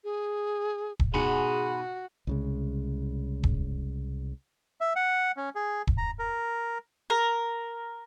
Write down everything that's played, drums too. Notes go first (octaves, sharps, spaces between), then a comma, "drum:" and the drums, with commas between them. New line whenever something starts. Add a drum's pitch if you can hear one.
G#4
drum: kick
G#2 B2 F#4 G#4 G#5 B5 C6 C#7
C2 C#3 G#3
drum: kick
E5
F#5
C#4
G#4
drum: kick
A#5
A#4
A#4